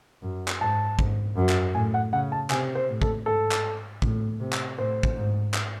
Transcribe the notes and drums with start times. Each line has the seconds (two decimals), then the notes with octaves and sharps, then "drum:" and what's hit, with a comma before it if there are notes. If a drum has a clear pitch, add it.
0.22 F#2
0.48 drum: clap
0.61 G#2 A5
0.99 G#2, drum: kick
1.37 F#2
1.49 drum: clap
1.74 A2 G#5
1.94 F#5
2.12 C#3 F#5
2.32 A5
2.50 C3 G#5, drum: clap
2.75 C5
2.88 A2
3.02 A4, drum: kick
3.26 G#2 A4
3.52 drum: clap
4.02 A2, drum: kick
4.40 C3
4.53 drum: clap
4.78 A2 C5
5.03 drum: kick
5.16 G#2
5.54 drum: clap